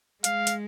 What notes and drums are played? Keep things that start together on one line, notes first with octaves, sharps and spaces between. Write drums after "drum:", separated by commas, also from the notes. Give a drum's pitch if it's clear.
G#3 F5, drum: hi-hat
drum: hi-hat